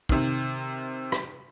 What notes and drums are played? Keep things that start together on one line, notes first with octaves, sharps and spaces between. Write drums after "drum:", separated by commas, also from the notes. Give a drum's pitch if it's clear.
C3 D#3, drum: kick
drum: rim click